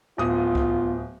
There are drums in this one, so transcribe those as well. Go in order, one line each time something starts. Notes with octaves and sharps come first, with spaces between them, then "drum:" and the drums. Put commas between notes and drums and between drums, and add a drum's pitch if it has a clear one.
D1 B3 F4 D#6
drum: kick C2